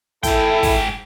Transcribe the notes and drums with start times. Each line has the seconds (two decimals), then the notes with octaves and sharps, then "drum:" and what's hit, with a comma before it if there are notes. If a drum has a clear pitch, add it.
0.23 G#2 E4 A4 G5, drum: kick, hi-hat
0.63 drum: kick, open hi-hat